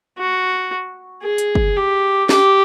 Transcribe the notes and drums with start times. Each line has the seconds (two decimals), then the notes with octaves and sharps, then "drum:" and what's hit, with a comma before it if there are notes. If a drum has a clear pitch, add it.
0.18 F#4
1.23 G#4
1.38 drum: hi-hat
1.55 drum: kick
1.76 G4
2.29 G4, drum: snare